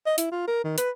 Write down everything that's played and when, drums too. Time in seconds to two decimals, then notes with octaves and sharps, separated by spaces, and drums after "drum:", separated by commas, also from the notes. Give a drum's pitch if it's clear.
0.06 D#5
0.18 E4, drum: hi-hat
0.32 F4
0.48 A#4
0.64 D#3
0.78 B4, drum: hi-hat